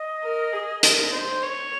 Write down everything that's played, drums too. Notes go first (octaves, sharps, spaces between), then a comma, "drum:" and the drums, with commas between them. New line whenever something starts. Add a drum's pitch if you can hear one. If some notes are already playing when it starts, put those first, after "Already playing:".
Already playing: D#5
A#4
G#4
A#4, drum: hi-hat
C5
C#5